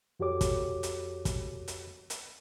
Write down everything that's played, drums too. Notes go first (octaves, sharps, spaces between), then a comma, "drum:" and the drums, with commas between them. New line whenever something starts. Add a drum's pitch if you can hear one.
F2 F#4 G4 A4 C#5 D6
drum: kick, hi-hat
drum: hi-hat
drum: kick, hi-hat
drum: hi-hat
drum: hi-hat